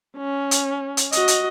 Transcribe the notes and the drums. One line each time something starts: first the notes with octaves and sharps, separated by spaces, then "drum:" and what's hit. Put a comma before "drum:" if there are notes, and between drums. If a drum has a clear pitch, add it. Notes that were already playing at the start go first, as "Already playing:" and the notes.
C#4
drum: hi-hat
drum: hi-hat
F#4 D#5, drum: hi-hat
drum: hi-hat